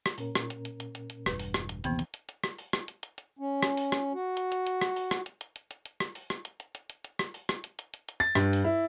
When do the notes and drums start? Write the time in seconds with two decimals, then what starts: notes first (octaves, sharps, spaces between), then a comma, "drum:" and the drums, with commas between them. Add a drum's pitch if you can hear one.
0.06 drum: rim click
0.18 A#2 C#4 A#4, drum: open hi-hat
0.35 drum: rim click
0.50 drum: hi-hat
0.65 drum: hi-hat
0.80 drum: hi-hat
0.95 drum: hi-hat
1.10 drum: hi-hat
1.26 E1 G2 B4, drum: rim click
1.40 drum: open hi-hat
1.54 drum: rim click
1.69 drum: hi-hat
1.84 A#1 D#2 C3 E3 B3 B5, drum: hi-hat
1.99 drum: hi-hat
2.14 drum: hi-hat
2.29 drum: hi-hat
2.44 drum: rim click
2.58 drum: open hi-hat
2.73 drum: rim click
2.88 drum: hi-hat
3.03 drum: hi-hat
3.18 drum: hi-hat
3.39 C#4
3.63 drum: rim click
3.77 drum: open hi-hat
3.92 drum: rim click
4.13 F#4
4.37 drum: hi-hat
4.52 drum: hi-hat
4.67 drum: hi-hat
4.81 drum: rim click
4.96 drum: open hi-hat
5.11 drum: rim click
5.26 drum: hi-hat
5.41 drum: hi-hat
5.56 drum: hi-hat
5.71 drum: hi-hat
5.86 drum: hi-hat
6.00 drum: rim click
6.15 drum: open hi-hat
6.30 drum: rim click
6.45 drum: hi-hat
6.60 drum: hi-hat
6.75 drum: hi-hat
6.90 drum: hi-hat
7.04 drum: hi-hat
7.19 drum: rim click
7.34 drum: open hi-hat
7.49 drum: rim click
7.64 drum: hi-hat
7.79 drum: hi-hat
7.94 drum: hi-hat
8.09 drum: hi-hat
8.20 A6
8.35 G2, drum: rim click
8.53 drum: open hi-hat
8.65 E4